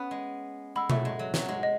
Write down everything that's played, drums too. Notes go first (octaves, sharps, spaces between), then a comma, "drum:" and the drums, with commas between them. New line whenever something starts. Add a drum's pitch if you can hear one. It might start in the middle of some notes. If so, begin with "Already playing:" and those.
Already playing: B3 C#4 F#5 B5 D#6 F#6
G#3
G#3 F#5 B5 E6
F#3 A3, drum: tom B2
G#3
F#3
F#3, drum: snare
G#3
D#5